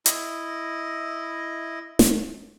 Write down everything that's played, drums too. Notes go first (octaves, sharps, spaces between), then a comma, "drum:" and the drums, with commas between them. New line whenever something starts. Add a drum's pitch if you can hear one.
E4 D#5, drum: hi-hat
drum: snare